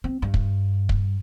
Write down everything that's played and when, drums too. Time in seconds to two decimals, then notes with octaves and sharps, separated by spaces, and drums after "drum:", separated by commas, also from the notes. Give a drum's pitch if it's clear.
0.04 C4
0.22 G2
0.34 drum: kick
0.89 drum: kick